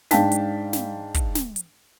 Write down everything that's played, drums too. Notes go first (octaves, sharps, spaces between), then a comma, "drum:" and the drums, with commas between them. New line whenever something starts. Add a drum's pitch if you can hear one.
G#2 D4 F5 G5 A5 B6, drum: snare
drum: hi-hat
drum: snare
drum: kick, hi-hat
drum: snare
drum: hi-hat